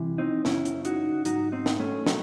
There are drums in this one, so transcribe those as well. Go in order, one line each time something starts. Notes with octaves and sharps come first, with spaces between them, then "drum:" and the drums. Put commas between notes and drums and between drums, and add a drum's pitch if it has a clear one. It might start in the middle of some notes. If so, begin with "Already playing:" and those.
Already playing: C2 C3 E3
C4 D#4
F#2 C#3 F#3 C#4 E4, drum: snare
drum: hi-hat
D#4 F#4, drum: hi-hat
G#2 F#3 D#4 F#4, drum: hi-hat
C4 D#4
drum: snare
A3 C#4
C3 F#3 A3, drum: snare